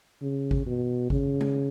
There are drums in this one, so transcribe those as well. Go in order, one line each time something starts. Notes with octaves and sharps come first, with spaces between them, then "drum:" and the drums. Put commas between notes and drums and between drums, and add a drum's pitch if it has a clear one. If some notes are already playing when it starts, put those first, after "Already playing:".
C#3
drum: kick G#1
B2
C#3, drum: kick G#1
drum: tom G#3